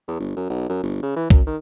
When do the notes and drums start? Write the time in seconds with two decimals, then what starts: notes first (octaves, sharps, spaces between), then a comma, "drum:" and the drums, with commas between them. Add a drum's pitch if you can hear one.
0.08 E2
0.20 G1
0.37 F#2
0.50 B1
0.69 F#2
0.83 G1
1.03 C#3
1.16 E3
1.30 F#2, drum: kick
1.46 D#3